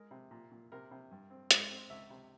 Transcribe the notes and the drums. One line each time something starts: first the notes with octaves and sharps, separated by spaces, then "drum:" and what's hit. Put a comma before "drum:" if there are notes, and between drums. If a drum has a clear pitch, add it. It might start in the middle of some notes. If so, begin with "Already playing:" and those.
Already playing: G#3 A#4
C3
A#2
A#2
C3 A#4
C3
G2
C4
G#2 C5, drum: hi-hat
C4
C#2 E5
C3